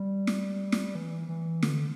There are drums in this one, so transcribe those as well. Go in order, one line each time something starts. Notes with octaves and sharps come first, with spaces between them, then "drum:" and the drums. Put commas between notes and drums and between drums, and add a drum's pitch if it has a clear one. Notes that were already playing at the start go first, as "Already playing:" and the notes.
Already playing: G3
drum: snare
drum: snare
E3
E3
D3, drum: snare